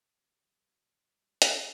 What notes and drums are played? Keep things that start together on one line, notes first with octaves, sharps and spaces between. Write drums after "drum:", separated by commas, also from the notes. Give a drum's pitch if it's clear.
D3 F#3 A#3 C4 G4
F3 G3 D4 A4 B4
A#2
C4 F#4
G3 G#3 F4 C#5 D#5 E5
E3, drum: hi-hat